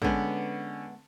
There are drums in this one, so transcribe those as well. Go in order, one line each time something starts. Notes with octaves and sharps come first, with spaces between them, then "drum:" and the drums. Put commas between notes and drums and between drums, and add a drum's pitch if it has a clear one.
D3 G#3 B3 C#4, drum: kick